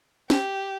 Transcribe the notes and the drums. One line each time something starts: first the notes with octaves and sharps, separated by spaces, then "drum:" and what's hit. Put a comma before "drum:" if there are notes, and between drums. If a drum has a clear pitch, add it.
G4, drum: snare